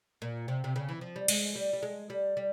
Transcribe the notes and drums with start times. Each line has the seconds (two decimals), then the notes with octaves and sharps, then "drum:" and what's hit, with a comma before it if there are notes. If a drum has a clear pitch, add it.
0.22 A#2
0.48 C3
0.64 C3
0.76 C#3
0.89 E3
1.01 F3
1.16 G3
1.28 G#3, drum: cymbal
1.55 G3
1.73 G3
1.83 G#3
2.10 G3
2.37 G3